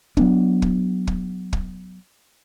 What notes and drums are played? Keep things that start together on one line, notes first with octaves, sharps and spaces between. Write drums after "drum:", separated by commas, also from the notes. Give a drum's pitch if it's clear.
F#3 B3 D4, drum: kick
drum: kick
drum: kick
drum: kick